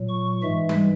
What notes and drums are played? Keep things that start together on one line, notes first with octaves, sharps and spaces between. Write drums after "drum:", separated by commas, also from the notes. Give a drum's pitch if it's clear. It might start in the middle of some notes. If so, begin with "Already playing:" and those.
Already playing: A#2 F#3
C#6
G#2 E3 G#3 E5
drum: tom G3